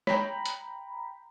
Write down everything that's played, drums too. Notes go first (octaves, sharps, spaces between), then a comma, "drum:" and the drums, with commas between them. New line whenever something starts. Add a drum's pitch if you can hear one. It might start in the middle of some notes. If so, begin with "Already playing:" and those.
C#5 G5 A#5 B5, drum: snare
drum: hi-hat